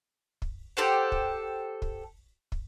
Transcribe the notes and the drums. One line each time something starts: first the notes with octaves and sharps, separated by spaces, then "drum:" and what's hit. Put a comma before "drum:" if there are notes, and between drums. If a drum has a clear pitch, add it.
drum: kick
G4 A4 C5 F#5
drum: kick
drum: kick
drum: kick